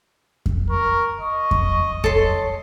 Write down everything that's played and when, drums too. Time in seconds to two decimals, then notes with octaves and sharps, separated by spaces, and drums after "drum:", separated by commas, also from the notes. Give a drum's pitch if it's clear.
0.46 drum: kick F2
0.70 A#4 C#6
1.21 D#5 C#6
1.51 drum: kick F2
2.04 A4 C#5 C6, drum: kick F2